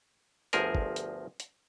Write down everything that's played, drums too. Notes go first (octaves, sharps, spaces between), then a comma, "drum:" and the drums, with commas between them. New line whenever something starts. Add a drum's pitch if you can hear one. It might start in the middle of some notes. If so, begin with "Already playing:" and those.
G1 D2 F3 G#4 A#4, drum: hi-hat
drum: kick
drum: hi-hat
drum: hi-hat